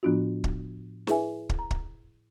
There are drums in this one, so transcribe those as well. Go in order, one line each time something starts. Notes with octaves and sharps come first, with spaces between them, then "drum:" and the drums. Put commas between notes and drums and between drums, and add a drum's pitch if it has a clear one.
A2 F3 B3 D4 F4 F#4
drum: kick
E4 G#4 B4 E5 G#5, drum: snare
drum: kick
A#5
drum: kick